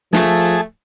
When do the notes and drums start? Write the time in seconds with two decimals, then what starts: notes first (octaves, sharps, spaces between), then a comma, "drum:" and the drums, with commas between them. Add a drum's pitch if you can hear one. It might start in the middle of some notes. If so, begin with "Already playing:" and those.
0.13 F3 A3 G#4 A5, drum: snare